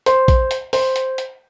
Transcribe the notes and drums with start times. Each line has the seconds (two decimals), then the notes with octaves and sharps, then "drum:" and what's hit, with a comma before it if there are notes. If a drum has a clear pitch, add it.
0.06 C5, drum: hi-hat
0.28 drum: kick, hi-hat
0.51 drum: hi-hat
0.73 C5, drum: open hi-hat
0.96 drum: hi-hat
1.18 drum: hi-hat